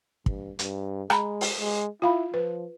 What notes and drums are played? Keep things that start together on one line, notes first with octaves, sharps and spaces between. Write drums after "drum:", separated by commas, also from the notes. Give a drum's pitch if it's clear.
G2, drum: kick
G2, drum: hi-hat
G#3 A#5 B5, drum: rim click
drum: open hi-hat
G#3
E4 F4 F5 B5
F3 B4